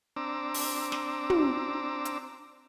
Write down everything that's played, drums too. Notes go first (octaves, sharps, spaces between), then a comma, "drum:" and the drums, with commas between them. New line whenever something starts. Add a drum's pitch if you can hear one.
C4 D4 A#5 D6 E6
drum: open hi-hat
drum: snare
drum: tom
drum: hi-hat